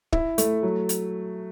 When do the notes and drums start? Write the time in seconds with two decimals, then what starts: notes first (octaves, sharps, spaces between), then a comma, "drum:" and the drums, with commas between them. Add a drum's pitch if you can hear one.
0.12 E4, drum: kick
0.38 A3, drum: hi-hat
0.63 F#3
0.89 drum: hi-hat